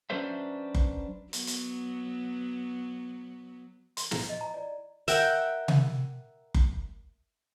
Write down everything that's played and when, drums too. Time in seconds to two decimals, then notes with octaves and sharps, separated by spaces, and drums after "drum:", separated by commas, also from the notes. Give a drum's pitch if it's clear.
0.10 F#3 C#4 D4 B4 C5 E5
0.75 drum: kick F#1
1.33 F#3 B3, drum: hi-hat
1.47 drum: hi-hat
3.97 C6, drum: hi-hat
4.11 E4, drum: snare
4.29 D#5
4.41 A#5
4.54 D5
5.08 A#4 E5 F#5 G5, drum: hi-hat
5.68 drum: tom C3
6.54 drum: kick F#1